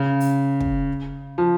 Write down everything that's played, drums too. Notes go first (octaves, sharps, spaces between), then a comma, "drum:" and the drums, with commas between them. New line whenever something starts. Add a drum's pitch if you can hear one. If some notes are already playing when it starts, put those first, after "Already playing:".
Already playing: C#3
drum: open hi-hat
drum: kick
F3